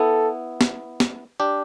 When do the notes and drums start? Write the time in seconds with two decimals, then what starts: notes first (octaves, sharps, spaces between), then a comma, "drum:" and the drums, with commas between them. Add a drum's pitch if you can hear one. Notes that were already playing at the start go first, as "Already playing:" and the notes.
Already playing: B3 E4 A4
0.61 drum: snare
1.00 drum: snare
1.40 D4 G4